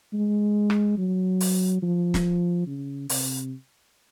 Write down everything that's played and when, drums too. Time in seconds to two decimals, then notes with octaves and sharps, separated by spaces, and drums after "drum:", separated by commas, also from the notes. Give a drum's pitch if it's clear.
0.14 G#3
0.70 drum: rim click
0.98 F#3
1.40 drum: open hi-hat
1.83 F3
2.14 drum: snare
2.67 C#3
3.09 C3, drum: open hi-hat